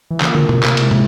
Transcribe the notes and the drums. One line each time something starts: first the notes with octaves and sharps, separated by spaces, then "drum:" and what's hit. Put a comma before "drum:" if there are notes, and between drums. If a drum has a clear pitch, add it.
E3
C#3 A#3 F4 A#4, drum: clap
drum: tom
C3, drum: tom
drum: clap
G#3 E4 G#4 E5, drum: cymbal
drum: tom